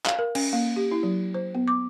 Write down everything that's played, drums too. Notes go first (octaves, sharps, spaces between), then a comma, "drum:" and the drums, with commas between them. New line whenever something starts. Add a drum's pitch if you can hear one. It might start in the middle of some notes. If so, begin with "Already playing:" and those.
F5, drum: clap
A#4
C#4, drum: cymbal
A#3
G4
E4
F#3
C5
B3
D6